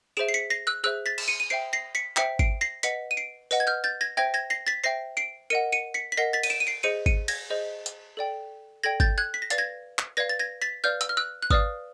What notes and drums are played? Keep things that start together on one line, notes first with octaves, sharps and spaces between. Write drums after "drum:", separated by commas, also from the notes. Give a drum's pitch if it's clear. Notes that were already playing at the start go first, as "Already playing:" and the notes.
G#4 C5 E5 D7 E7
C7
B6 C#7
A#6 C7
E6 F#6
G#4 C5 E5 E6 F#6
A6 B6
E7, drum: cymbal
C#7 D#7
D#7
C5 E5 G5 C7 D7
A#6 C7
B6 C#7
C5 E5 G5 B6 C#7, drum: clap
C7 D7, drum: kick G#1
A#6 C7
B4 D#5 F#5 B6 C#7, drum: hi-hat
D#7
C7 D7
B4 D#5 F#5, drum: tambourine
G#6
F6 G6
G6 A6
G#6 A#6
C5 E5 G5 G#6 A#6
G#6 A#6
A#6 C7
A6 B6
C5 E5 G5 A#6 C7
C7 D7
A#4 D#5 F#5 C#7 D#7
C#7 D#7
B6 C#7
B6
A#4 D#5 F#5 A#6 C7
A6 B6
D#7, drum: cymbal
D7 E7
D#7
C7 D7
G#4 C5 D#5 C#7 D#7
C#7 D#7, drum: kick G#1
G#6 A#6, drum: cymbal
G#4 C5 D#5
drum: hi-hat
A4 D5 G5
A4 D5 G5 G#6 A#6
G6 A6, drum: kick G#1
F#6 G#6
B6
A#6
B4 D5 F5 A6, drum: hi-hat
G#6 A#6
drum: clap
B4 D5 F5 G#6 A#6
A6
G#6 A#6
A6 B6
B4 D5 F5 F6 G6
E6, drum: hi-hat
F6
E6 F#6
F#6
B4 D5 F5 D#6 F6, drum: kick G#1